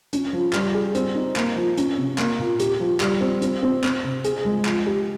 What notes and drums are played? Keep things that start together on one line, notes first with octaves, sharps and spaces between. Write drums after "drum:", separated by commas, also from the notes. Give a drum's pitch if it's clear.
C#4, drum: hi-hat
F3
G3, drum: clap
G#4
C4, drum: hi-hat
D#4
A#3, drum: clap
F3
C#4, drum: hi-hat
C3
A#3, drum: clap
A#2
G4, drum: hi-hat
F3
G3, drum: clap
C4
C4, drum: hi-hat
C4
C4, drum: clap
C3
G#4, drum: hi-hat
G#3
F3, drum: clap
G4